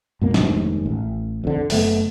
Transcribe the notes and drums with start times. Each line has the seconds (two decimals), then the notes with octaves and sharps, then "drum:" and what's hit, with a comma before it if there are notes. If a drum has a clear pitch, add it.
0.22 G#2 B2 A#3
0.34 F1 D#2 G#2, drum: snare
0.86 A1
1.44 F2 D3
1.70 F#1 A3 B3, drum: open hi-hat